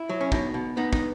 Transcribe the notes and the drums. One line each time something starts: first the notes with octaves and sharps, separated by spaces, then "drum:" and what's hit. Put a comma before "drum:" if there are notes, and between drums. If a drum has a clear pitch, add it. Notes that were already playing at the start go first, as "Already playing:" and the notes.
Already playing: E4
F#3
C#4
B2 D#4, drum: kick
B2
B3 D#4
D#4, drum: kick